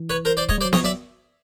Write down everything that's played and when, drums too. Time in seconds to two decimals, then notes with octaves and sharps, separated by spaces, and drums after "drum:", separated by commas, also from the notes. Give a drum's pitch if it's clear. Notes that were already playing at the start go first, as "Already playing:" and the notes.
Already playing: E3
0.10 B4 C#5
0.25 A#4 C5
0.37 C5 D5
0.49 G#3 C#5 D#5, drum: kick
0.58 G3
0.61 C5 D5
0.65 F#3
0.73 F3 C#5 D#5, drum: snare B3
0.84 F#3 D5 E5